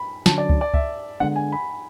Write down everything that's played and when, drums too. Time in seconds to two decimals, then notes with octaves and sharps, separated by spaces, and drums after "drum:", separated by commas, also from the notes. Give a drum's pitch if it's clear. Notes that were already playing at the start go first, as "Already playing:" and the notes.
Already playing: B5
0.26 D3 F#3 C#4 A5, drum: snare
0.38 D5
0.49 drum: kick C#2
0.61 D5
0.74 E5, drum: kick C#2
1.20 D3 G#3 B3 D4 F#5
1.36 G#5
1.52 B5